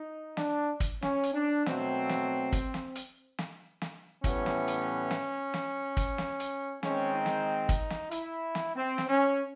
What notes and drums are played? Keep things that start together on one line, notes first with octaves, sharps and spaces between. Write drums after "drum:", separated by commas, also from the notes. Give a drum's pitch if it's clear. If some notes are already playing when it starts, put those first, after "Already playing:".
Already playing: D#4
D4, drum: snare
drum: kick, hi-hat
C#4, drum: snare
drum: hi-hat
D4
B2 F#3 A3 C4, drum: snare
drum: snare
drum: kick, hi-hat
drum: snare
drum: hi-hat
drum: snare
drum: snare
A2 E3 G3 B3 C#4, drum: kick, hi-hat
drum: snare
drum: hi-hat
drum: snare
drum: snare
drum: kick, hi-hat
drum: snare
drum: hi-hat
D#3 G#3 C4 C#4, drum: snare
D#4
drum: snare
drum: kick, hi-hat
drum: snare
E4, drum: hi-hat
drum: snare
C4
drum: snare
C#4